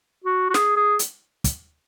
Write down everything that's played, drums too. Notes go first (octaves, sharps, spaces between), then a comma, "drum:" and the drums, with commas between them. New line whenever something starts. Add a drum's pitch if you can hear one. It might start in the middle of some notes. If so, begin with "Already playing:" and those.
F#4
F#4
G#4, drum: snare
G#4
drum: hi-hat
drum: kick, hi-hat